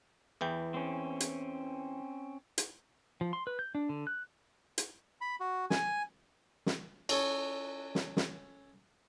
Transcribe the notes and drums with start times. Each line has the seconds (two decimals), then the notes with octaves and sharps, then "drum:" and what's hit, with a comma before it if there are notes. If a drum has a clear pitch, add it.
0.41 E2 E3 G5
0.74 C4 C#4
1.20 drum: hi-hat
2.58 drum: hi-hat
3.21 F3
3.33 C6
3.47 B4
3.59 G6
3.75 D4
3.89 D3
4.07 F#6
4.78 drum: hi-hat
5.21 B5
5.40 F#4
5.70 G#5, drum: snare
6.66 drum: snare
7.09 C#4 A4 C#5, drum: cymbal
7.95 drum: snare
8.17 drum: snare